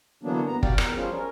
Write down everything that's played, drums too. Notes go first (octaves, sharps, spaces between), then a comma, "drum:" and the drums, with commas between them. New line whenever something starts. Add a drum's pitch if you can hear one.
D3 E3 F#3 A#3 B3 D4
G2 B3 A#5
F#4 G4 D5 F5 G5, drum: kick
E2 A#4, drum: rim click
F3 G3 C#4 F4 G#4 C5
C#4 A#4